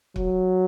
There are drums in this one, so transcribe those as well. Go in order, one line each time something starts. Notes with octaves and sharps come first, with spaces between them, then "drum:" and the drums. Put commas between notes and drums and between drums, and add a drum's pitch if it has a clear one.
F#3, drum: kick